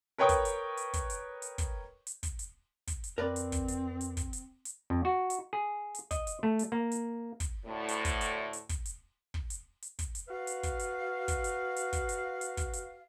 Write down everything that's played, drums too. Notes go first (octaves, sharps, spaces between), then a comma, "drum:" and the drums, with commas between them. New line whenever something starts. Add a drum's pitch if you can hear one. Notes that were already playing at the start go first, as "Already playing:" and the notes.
A#4 B4 C#5 G5 C#6 D#6
drum: kick, hi-hat
drum: hi-hat
drum: hi-hat
drum: kick, hi-hat
drum: hi-hat
drum: hi-hat
drum: kick, hi-hat
drum: hi-hat
drum: kick, hi-hat
drum: hi-hat
drum: kick, hi-hat
drum: hi-hat
F2 C4 A#4 B4 D5
drum: hi-hat
drum: kick, hi-hat
drum: hi-hat
drum: hi-hat
drum: kick, hi-hat
drum: hi-hat
drum: hi-hat
F2
F#4
drum: hi-hat
G#4
drum: hi-hat
D#5, drum: kick, hi-hat
drum: hi-hat
A3
drum: hi-hat
A#3
drum: hi-hat
drum: kick, hi-hat
D2 A2
drum: hi-hat
drum: kick, hi-hat
drum: hi-hat
drum: hi-hat
drum: kick, hi-hat
drum: hi-hat
drum: kick
drum: hi-hat
drum: hi-hat
drum: kick, hi-hat
drum: hi-hat
F#4 B4 F5
drum: hi-hat
drum: kick, hi-hat
drum: hi-hat
drum: kick, hi-hat
drum: hi-hat
drum: hi-hat
drum: kick, hi-hat
drum: hi-hat
drum: hi-hat
drum: kick, hi-hat
drum: hi-hat